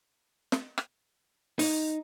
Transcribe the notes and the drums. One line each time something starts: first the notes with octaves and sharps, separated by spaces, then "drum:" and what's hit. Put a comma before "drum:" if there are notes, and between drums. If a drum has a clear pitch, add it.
drum: snare
drum: rim click
D#4, drum: open hi-hat